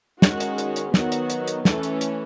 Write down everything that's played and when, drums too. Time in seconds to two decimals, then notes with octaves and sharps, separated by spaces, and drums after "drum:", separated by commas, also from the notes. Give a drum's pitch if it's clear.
0.22 D#3 G#3 C#4 F#4, drum: snare
0.40 drum: hi-hat
0.58 drum: hi-hat
0.76 drum: hi-hat
0.94 D#3 F#3 B3 F#4, drum: snare
1.12 drum: hi-hat
1.30 drum: hi-hat
1.47 drum: hi-hat
1.65 E3 A3 C#4 A4, drum: snare
1.83 drum: hi-hat
2.01 drum: hi-hat